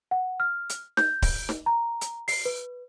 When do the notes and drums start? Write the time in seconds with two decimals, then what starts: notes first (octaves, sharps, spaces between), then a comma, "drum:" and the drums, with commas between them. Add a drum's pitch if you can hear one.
0.11 F#5
0.40 F6
0.70 drum: hi-hat
0.97 G6, drum: snare
1.22 drum: kick D1, open hi-hat
1.49 drum: snare
1.66 A#5
2.01 drum: hi-hat
2.28 C7, drum: open hi-hat
2.45 B4